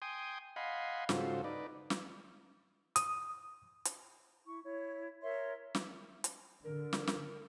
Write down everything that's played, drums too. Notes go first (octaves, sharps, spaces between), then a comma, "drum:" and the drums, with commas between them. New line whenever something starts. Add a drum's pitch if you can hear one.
G5 G#5 C6 D#6
D#5 F5 F#5 G#5 B5 C6
G#2 C#3 F4 F#4 A4 C5, drum: snare
D#4 B4 D5
drum: snare
D#6, drum: hi-hat
drum: hi-hat
E4 C#6
E4 C#5
A#4 C#5 E5 C6
drum: snare
drum: hi-hat
D3 A#4
drum: snare
drum: snare